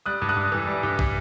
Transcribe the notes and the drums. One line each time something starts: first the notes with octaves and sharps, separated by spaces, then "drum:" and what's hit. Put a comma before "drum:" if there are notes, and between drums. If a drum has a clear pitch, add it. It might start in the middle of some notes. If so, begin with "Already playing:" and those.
G3 D#6 F#6
G2
D#6 F#6
G2
E3
G3
G2
drum: kick